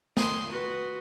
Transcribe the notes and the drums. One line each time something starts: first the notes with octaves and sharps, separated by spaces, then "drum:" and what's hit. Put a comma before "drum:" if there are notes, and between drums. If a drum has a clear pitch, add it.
C6 D#6, drum: snare
F#4 B4